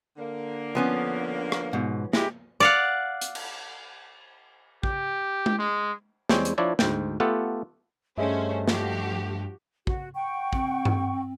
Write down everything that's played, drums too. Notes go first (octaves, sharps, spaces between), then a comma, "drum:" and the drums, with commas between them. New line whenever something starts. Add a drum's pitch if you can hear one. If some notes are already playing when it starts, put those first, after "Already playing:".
D3 A#3
F3 B3 C#4
drum: rim click
G#2 B2
G#3 E4 G4, drum: snare
D5 F5 F#5
drum: hi-hat
drum: cymbal
G4, drum: kick
drum: tom G#3
G#3
E2 G3 G#3 C4 C#5 G5, drum: snare
drum: hi-hat
F3 D4 E4 C#5 D5
D2 G#2 G5, drum: snare
A3 B3 F4 G4 A4 F#5
G2 A3 C#4 G#4 C5 D#5 E5
F3 F#4 G4, drum: snare
F#4, drum: kick
F#5 G5 C#6
C4, drum: kick
drum: tom G2